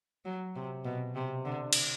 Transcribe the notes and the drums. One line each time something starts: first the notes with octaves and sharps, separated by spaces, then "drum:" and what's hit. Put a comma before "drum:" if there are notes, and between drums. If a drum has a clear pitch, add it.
F#3
C3
B2
C3
D3
drum: cymbal